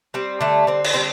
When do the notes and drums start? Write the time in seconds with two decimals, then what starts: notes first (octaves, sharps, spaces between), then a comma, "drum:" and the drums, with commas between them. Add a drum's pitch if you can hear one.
0.14 G3 C4
0.41 D3 A3
0.67 D3 C4
0.84 drum: cymbal
0.94 G3 C4